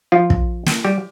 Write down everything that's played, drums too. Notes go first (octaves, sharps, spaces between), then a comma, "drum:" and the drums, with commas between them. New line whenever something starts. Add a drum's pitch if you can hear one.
F3 F4
drum: kick
drum: snare
G3 G4